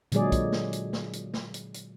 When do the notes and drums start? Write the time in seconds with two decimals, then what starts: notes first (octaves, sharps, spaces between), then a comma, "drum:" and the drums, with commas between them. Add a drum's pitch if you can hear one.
0.12 A#2 D3 F#3 G#3 G#4 D5, drum: hi-hat
0.32 drum: kick, hi-hat
0.52 drum: snare
0.73 drum: hi-hat
0.93 drum: snare
1.13 drum: hi-hat
1.34 drum: snare
1.54 drum: hi-hat
1.74 drum: hi-hat